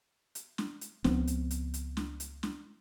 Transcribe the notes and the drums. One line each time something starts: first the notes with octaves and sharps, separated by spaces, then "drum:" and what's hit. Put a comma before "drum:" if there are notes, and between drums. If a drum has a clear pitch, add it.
drum: hi-hat
drum: snare
drum: hi-hat
C#2 F3 B3 C4, drum: snare
drum: hi-hat
drum: hi-hat
drum: hi-hat
drum: snare
drum: hi-hat
drum: snare